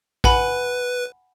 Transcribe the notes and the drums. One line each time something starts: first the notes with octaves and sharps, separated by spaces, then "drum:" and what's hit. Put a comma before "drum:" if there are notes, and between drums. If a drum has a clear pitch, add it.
B4 F#5 G#5 B5, drum: kick A#1